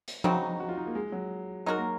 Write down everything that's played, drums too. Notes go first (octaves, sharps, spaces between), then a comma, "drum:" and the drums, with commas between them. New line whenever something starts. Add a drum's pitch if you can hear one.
drum: hi-hat
C#3 F#3 C4 D#4 F#4, drum: tom F3
F#4
F4
D#4
A#3
G#3
F#3
F#3 G#3 D#4 F#4 A#4
A#3